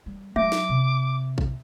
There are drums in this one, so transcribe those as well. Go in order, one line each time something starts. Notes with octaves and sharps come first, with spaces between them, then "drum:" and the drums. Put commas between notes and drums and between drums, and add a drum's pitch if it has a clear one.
G3
F#3 E5 D6, drum: tom G#3
drum: snare
C3
drum: kick A#1